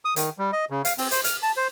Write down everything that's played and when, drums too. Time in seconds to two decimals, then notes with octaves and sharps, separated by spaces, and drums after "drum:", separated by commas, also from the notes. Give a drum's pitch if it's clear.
0.05 D#6
0.16 D#3, drum: hi-hat
0.38 G3
0.53 D#5
0.70 C#3
0.85 F5, drum: hi-hat
0.98 C4, drum: open hi-hat
1.11 C5, drum: hi-hat
1.24 F6, drum: hi-hat
1.43 A5
1.57 C5